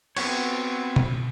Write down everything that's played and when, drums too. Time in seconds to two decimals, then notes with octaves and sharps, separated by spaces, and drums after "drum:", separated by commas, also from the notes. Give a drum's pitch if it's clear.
0.17 B3 C4 F#4 C#5, drum: cymbal
0.96 drum: tom B2